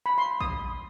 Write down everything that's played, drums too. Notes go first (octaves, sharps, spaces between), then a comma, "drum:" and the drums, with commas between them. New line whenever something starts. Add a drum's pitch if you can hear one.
B5
C6
D#6, drum: kick A1